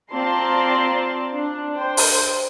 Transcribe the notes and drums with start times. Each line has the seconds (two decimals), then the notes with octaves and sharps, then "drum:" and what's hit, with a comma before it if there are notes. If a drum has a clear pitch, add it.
0.12 C4 F4 D5 A5 A#5 C6
1.33 D4
1.75 C5 G5
1.97 drum: open hi-hat